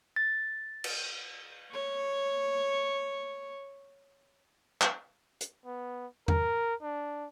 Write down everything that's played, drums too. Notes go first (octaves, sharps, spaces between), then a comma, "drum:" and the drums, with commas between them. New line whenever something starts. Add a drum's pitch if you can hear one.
A6
drum: cymbal
C#5 C#6
drum: clap
drum: hi-hat
B3
A#4, drum: tom E2
D4